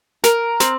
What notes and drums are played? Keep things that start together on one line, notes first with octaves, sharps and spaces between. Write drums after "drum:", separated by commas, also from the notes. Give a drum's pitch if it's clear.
A#4, drum: snare
C4, drum: snare